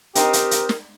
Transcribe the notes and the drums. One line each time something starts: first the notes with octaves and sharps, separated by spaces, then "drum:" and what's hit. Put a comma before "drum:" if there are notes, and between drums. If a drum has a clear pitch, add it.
C4 D#4 G4 A#4, drum: hi-hat
drum: hi-hat
drum: hi-hat
drum: snare